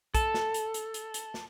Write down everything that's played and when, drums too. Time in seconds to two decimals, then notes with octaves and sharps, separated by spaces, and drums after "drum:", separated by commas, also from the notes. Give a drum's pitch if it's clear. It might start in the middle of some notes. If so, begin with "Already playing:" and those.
0.14 A4, drum: kick, hi-hat
0.34 drum: snare
0.54 drum: hi-hat
0.74 drum: hi-hat
0.94 drum: hi-hat
1.14 drum: hi-hat
1.34 drum: snare